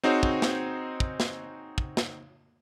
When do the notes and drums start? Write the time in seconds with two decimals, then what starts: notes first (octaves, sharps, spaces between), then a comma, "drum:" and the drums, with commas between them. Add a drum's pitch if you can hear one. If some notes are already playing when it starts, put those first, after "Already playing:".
0.04 C4 D#4 F#4 G#4 C5 C#5
0.23 drum: kick
0.42 drum: snare
1.00 drum: kick
1.20 drum: snare
1.78 drum: kick
1.97 drum: snare